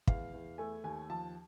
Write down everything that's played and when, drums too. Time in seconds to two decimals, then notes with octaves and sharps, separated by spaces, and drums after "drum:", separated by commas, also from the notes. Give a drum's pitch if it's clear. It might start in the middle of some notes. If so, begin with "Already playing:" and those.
0.07 E2 F5, drum: kick
0.33 E2
0.58 A3 G#5
0.84 D#2 G#5
1.10 F3 A5